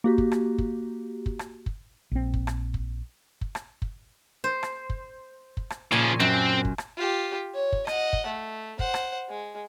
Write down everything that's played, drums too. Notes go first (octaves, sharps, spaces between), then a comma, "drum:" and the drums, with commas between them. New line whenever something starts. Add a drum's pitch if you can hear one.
A#3 F#4 G4
drum: kick
drum: rim click
drum: kick
drum: kick
drum: rim click
drum: kick
A#1 C4
drum: kick
drum: rim click
drum: kick
drum: kick
drum: rim click
drum: kick
C5
drum: rim click
drum: kick
drum: kick
drum: rim click
A#2 C#3 F3 C#5 G#5
F#2 C4
drum: kick
drum: rim click
F4 G4
C#5
drum: kick
D#5 F#5, drum: rim click
drum: kick
A3
C5 F#5, drum: kick
drum: rim click
G#3